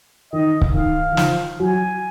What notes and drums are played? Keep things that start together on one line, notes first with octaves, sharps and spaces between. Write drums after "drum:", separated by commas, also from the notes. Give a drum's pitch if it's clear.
D#3 D#5
drum: kick C#1
D#3 F5
D#3
F3, drum: snare
F#3 G#5